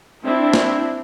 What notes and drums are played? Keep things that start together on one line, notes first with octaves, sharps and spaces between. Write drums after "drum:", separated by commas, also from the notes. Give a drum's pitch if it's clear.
C4 D4 E4
drum: snare